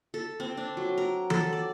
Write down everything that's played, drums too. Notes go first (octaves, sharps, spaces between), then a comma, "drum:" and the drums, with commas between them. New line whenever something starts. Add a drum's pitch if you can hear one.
A4
C4
D4
F#3
A#4
A4, drum: tom E3
D5